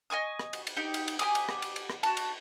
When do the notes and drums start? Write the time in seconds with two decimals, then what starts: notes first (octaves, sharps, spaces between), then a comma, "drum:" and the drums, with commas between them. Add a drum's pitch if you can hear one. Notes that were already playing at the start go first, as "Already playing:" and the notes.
0.10 D#5 G#5 C#6 D#6
0.39 drum: rim click
0.53 drum: cymbal
0.67 drum: cymbal
0.76 D#4 G4
0.94 drum: cymbal
1.08 drum: cymbal
1.19 G4 G#5 D6 D#6, drum: cymbal
1.35 drum: cymbal
1.49 drum: rim click
1.62 drum: cymbal
1.76 drum: cymbal
1.90 drum: rim click
2.03 F#4 A5, drum: cymbal
2.17 drum: cymbal